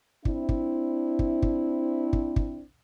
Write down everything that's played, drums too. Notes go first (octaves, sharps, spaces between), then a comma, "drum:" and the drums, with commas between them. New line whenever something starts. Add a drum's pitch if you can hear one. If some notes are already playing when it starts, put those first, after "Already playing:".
C4 D4 E4, drum: kick
drum: kick
drum: kick
drum: kick
drum: kick
drum: kick